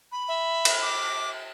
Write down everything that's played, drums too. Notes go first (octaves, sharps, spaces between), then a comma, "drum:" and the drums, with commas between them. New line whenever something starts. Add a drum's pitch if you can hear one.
B5
E5
drum: cymbal
D6